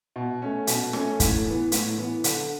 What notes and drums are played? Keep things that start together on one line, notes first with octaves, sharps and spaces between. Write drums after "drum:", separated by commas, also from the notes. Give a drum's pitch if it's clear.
B2
A3 C#4
B2, drum: hi-hat
A3 C#4, drum: rim click
A2, drum: kick, hi-hat
E3 B3
A2, drum: hi-hat
E3 B3
D3, drum: hi-hat